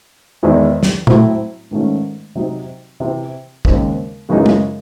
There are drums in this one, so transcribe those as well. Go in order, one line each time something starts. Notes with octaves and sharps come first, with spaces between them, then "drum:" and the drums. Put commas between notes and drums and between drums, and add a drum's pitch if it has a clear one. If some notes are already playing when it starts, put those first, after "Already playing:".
E2 D#3 G#3 C4 E4
drum: snare
A2 F#3 A3 C4 E4, drum: tom
G#2 D#3 A3 C#4
C3 F#3 C4 D#4
C3 E3 C4
D#2 C#3 G#3 C4 D#4, drum: kick
F#2 C#3 E3 G#3 D#4
drum: tom